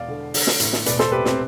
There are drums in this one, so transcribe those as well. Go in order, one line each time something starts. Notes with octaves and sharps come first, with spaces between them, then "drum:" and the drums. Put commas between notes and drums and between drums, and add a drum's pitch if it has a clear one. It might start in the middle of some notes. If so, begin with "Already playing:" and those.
Already playing: E1 B2 D5 F5
D3
D3, drum: open hi-hat
drum: snare
A1, drum: hi-hat
drum: snare
E1 B4 D5, drum: hi-hat
A4 C5, drum: snare
C3 G4 B4
C4, drum: snare